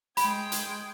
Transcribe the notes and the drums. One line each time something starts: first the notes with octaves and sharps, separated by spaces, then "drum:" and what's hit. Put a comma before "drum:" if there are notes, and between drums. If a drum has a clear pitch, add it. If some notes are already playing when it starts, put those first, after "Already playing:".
G#3 G5 B5 G#6, drum: hi-hat
drum: hi-hat